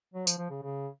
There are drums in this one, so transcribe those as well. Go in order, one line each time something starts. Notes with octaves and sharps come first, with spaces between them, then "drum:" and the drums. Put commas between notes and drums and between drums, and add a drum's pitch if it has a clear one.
F#3
F3, drum: tambourine
F3
C#3
C#3